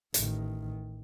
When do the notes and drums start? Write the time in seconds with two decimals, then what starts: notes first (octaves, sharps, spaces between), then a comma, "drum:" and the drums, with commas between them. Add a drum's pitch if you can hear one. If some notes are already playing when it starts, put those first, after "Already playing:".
0.14 A1 D#3, drum: hi-hat